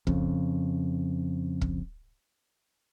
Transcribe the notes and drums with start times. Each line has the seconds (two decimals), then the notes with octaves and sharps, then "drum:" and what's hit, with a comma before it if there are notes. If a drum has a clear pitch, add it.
0.07 F2 C#3, drum: kick
1.61 drum: kick